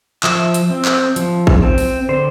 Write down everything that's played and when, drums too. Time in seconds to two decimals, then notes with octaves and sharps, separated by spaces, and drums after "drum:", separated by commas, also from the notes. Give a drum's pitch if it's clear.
0.24 F3 E5, drum: clap
0.54 drum: hi-hat
0.70 C4
0.85 drum: clap
1.16 F3, drum: hi-hat
1.47 drum: kick
1.62 C4
1.78 drum: open hi-hat
2.09 D3 C5